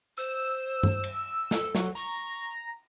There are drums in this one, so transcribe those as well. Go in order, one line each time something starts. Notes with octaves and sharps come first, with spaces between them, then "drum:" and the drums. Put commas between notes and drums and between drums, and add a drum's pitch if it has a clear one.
C5 E6
drum: tom G2
drum: cymbal
A4, drum: snare
F#3, drum: snare
A#5 C#6